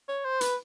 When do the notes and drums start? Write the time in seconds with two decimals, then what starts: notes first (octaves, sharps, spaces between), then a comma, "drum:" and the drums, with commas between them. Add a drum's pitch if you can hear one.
0.08 C#5
0.25 C5
0.41 B4, drum: hi-hat